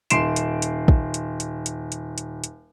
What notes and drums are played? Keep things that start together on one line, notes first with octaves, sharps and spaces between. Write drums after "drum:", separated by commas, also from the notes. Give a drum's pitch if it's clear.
D#1 C6 C7 D7 E7, drum: hi-hat
drum: hi-hat
drum: hi-hat
drum: kick
drum: hi-hat
drum: hi-hat
drum: hi-hat
drum: hi-hat
drum: hi-hat
drum: hi-hat